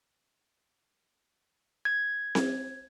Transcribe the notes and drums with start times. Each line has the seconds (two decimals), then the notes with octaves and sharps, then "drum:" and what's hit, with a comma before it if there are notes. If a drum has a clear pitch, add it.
1.85 G#6
2.35 drum: snare C4